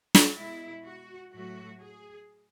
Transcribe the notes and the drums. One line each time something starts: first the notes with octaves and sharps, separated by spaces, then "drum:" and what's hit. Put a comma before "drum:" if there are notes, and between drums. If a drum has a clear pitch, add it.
drum: snare
B2 G#3 E4
F#4
A2 F#3 A3 F#4
G#4